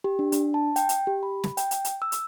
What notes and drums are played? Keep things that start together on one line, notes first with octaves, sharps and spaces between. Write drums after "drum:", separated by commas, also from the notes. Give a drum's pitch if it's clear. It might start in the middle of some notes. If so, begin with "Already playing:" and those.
G4
D4
D4, drum: hi-hat
A5
G5, drum: hi-hat
drum: hi-hat
G4
B5
drum: snare
G5, drum: hi-hat
drum: hi-hat
drum: hi-hat
E6
drum: hi-hat